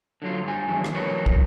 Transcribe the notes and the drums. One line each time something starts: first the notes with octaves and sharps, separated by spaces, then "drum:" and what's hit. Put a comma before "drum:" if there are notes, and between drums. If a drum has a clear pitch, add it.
D3 F#3 F4
G2 G#5
D#3 E3 F#3 G#3 D4
drum: rim click
E3 F#3 A#4 B4 C#5
drum: kick